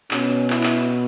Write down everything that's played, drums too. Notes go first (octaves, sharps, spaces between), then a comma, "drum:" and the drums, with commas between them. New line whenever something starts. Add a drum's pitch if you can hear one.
B2 B3 C#4, drum: clap
E4, drum: clap
drum: clap